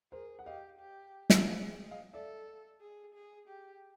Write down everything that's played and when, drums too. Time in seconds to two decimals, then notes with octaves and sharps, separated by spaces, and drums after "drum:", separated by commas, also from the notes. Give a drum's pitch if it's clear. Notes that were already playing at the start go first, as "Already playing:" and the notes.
0.12 G#4 A#4 C5
0.39 F#5
0.45 G4 D#5 F5
0.79 G4
1.30 drum: snare
1.46 G#4 D#5 F5
1.91 D#5 F5
2.13 A4 D5 E5
2.81 G#4
3.14 G#4
3.48 G4